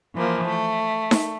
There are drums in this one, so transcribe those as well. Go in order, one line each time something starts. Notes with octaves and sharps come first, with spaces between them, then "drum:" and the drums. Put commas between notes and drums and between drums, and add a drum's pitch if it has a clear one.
E3 F3 A#3
A3
drum: snare D#4